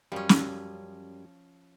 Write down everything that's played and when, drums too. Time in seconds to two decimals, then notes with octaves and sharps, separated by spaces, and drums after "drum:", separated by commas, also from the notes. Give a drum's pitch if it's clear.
0.12 F#2 F3 G3 C#4
0.29 drum: snare